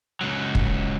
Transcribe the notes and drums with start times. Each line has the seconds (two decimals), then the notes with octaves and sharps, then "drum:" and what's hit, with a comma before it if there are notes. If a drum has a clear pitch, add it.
0.21 C#2 F#3
0.55 drum: kick